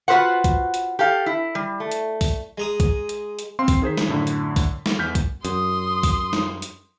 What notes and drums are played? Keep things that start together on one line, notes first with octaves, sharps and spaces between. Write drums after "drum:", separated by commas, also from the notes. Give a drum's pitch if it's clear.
F4 F#4 A4 B4 C5 F#5
drum: kick B1, hi-hat
drum: hi-hat
G4 A4 F5
E4
G3
A3
drum: hi-hat
drum: kick B1, open hi-hat
G#3 A#5 D#6
drum: kick B1, hi-hat
drum: hi-hat
drum: hi-hat
C4 F5 C6
drum: kick B1, open hi-hat
D#3 G#4 C5 B6
drum: snare
F#2 A2 D3
drum: hi-hat
drum: kick B1, open hi-hat
drum: snare
E2 F6 G6 B6
drum: kick B1, hi-hat
F#2 C6 D#6, drum: hi-hat
drum: kick B1, open hi-hat
drum: snare
drum: hi-hat